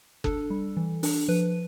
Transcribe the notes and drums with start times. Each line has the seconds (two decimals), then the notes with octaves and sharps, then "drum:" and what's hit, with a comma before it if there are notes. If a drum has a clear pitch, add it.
0.24 D4 A4, drum: kick F#1
0.50 G3
0.77 E3
1.03 D4, drum: open hi-hat
1.28 F3 B4